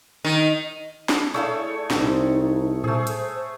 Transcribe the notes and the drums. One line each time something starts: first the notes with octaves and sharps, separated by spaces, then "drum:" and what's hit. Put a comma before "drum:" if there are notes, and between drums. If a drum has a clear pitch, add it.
D#3
drum: snare
A3 E4 G#4 A4 C#5 D5 F5
C2 G3 C4 D#4, drum: snare
A3 G#4 C5, drum: tom A2
drum: hi-hat